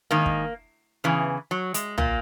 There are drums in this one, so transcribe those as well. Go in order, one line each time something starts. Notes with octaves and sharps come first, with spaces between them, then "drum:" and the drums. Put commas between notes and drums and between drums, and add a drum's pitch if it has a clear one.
G#2 D#3 A#3
drum: kick
E2 C#3 E3
F#3
G#3, drum: hi-hat
A#2 A#3, drum: tom B1